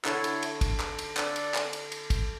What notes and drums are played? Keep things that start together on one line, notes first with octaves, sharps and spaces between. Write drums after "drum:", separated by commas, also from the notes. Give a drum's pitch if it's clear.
D3 E4 A4 C#5, drum: clap
drum: cymbal
drum: cymbal
drum: kick, cymbal
drum: clap
drum: cymbal
D4 A4 D5, drum: clap
drum: cymbal
drum: clap
drum: cymbal
drum: cymbal
drum: kick, cymbal